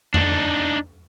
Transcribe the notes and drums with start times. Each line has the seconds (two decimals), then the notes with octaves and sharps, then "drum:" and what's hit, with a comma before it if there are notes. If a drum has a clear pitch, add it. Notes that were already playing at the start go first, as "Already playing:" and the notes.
0.14 D4 D#4, drum: tom F2